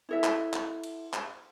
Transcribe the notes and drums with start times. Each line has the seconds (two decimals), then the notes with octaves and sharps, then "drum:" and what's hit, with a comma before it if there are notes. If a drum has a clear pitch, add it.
0.09 E4 A4 E5
0.24 drum: clap
0.54 drum: clap
0.83 drum: cymbal
1.13 drum: clap